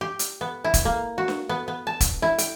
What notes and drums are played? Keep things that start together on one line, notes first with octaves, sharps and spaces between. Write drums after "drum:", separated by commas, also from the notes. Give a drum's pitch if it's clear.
G4
drum: hi-hat
B3
E4
drum: kick, hi-hat
A#3
F#4
drum: snare
B3
B3
A5
drum: kick, hi-hat
E4
G5, drum: hi-hat